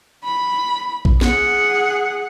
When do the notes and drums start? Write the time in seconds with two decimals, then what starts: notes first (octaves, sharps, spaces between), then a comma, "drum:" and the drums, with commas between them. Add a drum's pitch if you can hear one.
0.24 B5
1.05 drum: kick
1.21 G#4 F#5, drum: snare